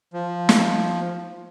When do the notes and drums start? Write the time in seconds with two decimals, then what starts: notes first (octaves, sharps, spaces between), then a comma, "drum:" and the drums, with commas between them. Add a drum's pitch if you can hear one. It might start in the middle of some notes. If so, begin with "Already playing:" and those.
0.13 F3
0.49 drum: snare